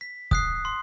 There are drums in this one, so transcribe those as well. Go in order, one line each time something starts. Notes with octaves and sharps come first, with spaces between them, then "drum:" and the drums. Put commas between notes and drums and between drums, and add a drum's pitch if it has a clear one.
B6
D#6 F#6 C7, drum: kick
C6